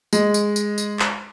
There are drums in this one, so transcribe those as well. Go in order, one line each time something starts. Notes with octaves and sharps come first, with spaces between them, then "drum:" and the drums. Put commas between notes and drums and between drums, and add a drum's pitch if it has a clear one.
G#3, drum: tambourine
drum: tambourine
drum: tambourine
drum: tambourine
drum: clap